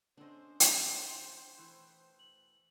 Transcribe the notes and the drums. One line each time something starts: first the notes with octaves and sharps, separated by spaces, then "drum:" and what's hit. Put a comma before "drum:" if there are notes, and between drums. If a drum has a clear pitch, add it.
B3 C#4 D4 A4 C5 D#5
G5 G#6, drum: hi-hat
B3 F4 A5
B2 E3 A3
F#7